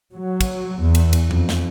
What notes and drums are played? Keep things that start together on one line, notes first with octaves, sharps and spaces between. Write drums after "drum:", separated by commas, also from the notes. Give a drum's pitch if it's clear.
F#3
drum: kick, cymbal
E2
drum: cymbal
drum: cymbal
F2, drum: tom F3
drum: snare